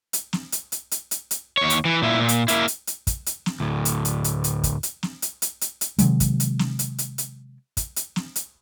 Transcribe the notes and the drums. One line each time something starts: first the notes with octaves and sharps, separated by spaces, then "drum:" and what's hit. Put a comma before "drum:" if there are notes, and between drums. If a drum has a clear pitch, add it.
drum: hi-hat
drum: snare
drum: hi-hat
drum: hi-hat
drum: hi-hat
drum: hi-hat
drum: hi-hat
D#2 C#5
drum: hi-hat
E3
A#2 E4
A#2
drum: hi-hat
A#3 E4, drum: hi-hat
drum: hi-hat
drum: hi-hat
drum: kick, hi-hat
drum: hi-hat
drum: snare
D2 A2
drum: hi-hat
drum: hi-hat
drum: hi-hat
drum: hi-hat
drum: kick, hi-hat
drum: hi-hat
drum: snare
drum: hi-hat
drum: hi-hat
drum: hi-hat
drum: hi-hat
C3 D#3 F#3 G#3, drum: hi-hat
drum: kick, hi-hat
drum: hi-hat
drum: snare
drum: hi-hat
drum: hi-hat
drum: hi-hat
drum: kick, hi-hat
drum: hi-hat
drum: snare
drum: hi-hat